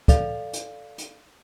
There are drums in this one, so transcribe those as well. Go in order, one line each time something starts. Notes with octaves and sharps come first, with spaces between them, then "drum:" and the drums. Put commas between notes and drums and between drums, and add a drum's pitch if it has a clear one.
A4 D5 F5 A6 F7, drum: kick, hi-hat
drum: hi-hat
drum: hi-hat